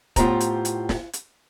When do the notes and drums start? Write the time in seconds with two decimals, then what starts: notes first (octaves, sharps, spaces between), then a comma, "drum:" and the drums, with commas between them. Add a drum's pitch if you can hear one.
0.16 A2 B3 F4 G4 C5 A#5, drum: kick, hi-hat
0.40 drum: hi-hat
0.65 drum: hi-hat
0.89 drum: snare
1.13 drum: hi-hat